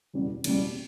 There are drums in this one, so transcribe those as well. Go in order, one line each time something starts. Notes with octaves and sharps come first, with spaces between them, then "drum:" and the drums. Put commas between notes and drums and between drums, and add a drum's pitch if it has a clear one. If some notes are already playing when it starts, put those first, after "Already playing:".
F#1 E2 B2 G3
F#1 E2 B2 G3, drum: cymbal